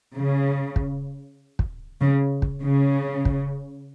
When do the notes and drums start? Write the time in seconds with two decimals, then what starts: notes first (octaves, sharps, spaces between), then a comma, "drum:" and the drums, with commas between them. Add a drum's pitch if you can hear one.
0.14 C#3
0.76 drum: kick
1.59 drum: kick
2.00 C#3
2.42 drum: kick
2.63 C#3
3.25 drum: kick